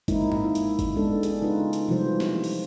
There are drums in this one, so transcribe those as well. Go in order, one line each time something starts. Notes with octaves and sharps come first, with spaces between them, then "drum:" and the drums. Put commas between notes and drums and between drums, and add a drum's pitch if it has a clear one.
D#3 G#3 A#3 C4 D#4 E4, drum: kick G1, hi-hat
drum: tom
E4
drum: hi-hat
drum: kick G1, hi-hat
G#3 B3 D4 A4
D4 G#4, drum: hi-hat
C#3 D#4 F4 G#4 B4
drum: hi-hat
C3 E3 F3 G3 G4 C5
drum: snare
drum: open hi-hat